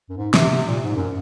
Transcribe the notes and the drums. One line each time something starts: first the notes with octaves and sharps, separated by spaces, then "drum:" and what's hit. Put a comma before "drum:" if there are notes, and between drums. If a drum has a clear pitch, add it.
F#2
G#2
C3, drum: snare
C3
A#2
G#2
F#2